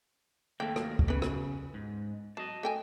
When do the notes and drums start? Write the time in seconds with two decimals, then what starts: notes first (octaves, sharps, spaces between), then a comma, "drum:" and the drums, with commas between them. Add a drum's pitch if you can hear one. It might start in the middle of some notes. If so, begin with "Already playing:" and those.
0.60 D#2 A3 A#3 A4 G5
0.76 drum: rim click
0.99 drum: kick
1.08 C#3 B3 B4
1.22 drum: rim click
1.74 G#2
2.37 F#3 D#5 A5
2.63 A3 G5 G#5